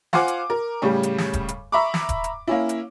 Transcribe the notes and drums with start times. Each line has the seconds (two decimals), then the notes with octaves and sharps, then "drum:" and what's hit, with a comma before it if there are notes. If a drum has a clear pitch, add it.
0.13 F4 C5 F5 F#5 G#5 D6, drum: snare
0.28 drum: hi-hat
0.50 A#4
0.82 A2 C#3 G3 C#4
1.03 drum: hi-hat
1.18 drum: snare
1.33 drum: kick D#1, hi-hat
1.48 drum: hi-hat
1.72 E5 A#5 B5 C#6 D6
1.94 drum: snare
2.09 drum: kick D#1, hi-hat
2.24 drum: hi-hat
2.47 A#3 C#4 E4
2.69 drum: hi-hat